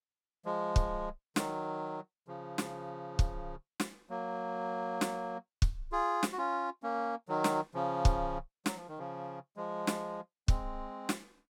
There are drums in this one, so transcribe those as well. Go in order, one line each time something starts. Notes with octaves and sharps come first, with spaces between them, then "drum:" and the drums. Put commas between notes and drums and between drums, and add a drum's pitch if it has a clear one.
F3 G#3
drum: kick
D#3 F#3, drum: snare
C#3 F3
drum: snare
drum: kick
drum: snare
F#3 A#3
drum: snare
drum: kick
F4 G#4
drum: snare
F#4
C#4 F4
A#3 C#4
D#3 F#3
drum: snare
C#3 F3
drum: kick
F#3, drum: snare
F3
D#3
C#3 F3
F3 G#3
drum: snare
G#3 C4, drum: kick
drum: snare